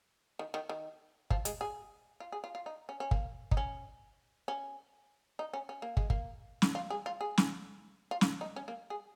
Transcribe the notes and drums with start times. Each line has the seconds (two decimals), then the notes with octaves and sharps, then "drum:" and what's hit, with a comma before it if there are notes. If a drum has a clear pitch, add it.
0.39 D#3
0.54 D#3
0.69 D#3
1.30 F3, drum: kick
1.45 G#3, drum: hi-hat
1.61 G#4
2.20 F4
2.32 G#4
2.44 F4
2.55 F4
2.66 D#4
2.89 C#4
3.00 C#4
3.11 A#3, drum: kick
3.51 D#4, drum: kick
3.57 C#4
4.48 C#4
5.39 D#4
5.53 C#4
5.69 C#4
5.82 A#3
5.97 G#3, drum: kick
6.10 A#3, drum: kick
6.62 drum: snare
6.75 F4
6.90 G#4
7.06 F4
7.21 G#4
7.38 drum: snare
8.11 F4
8.21 drum: snare
8.41 D#4
8.56 C#4
8.68 A#3
8.90 G#4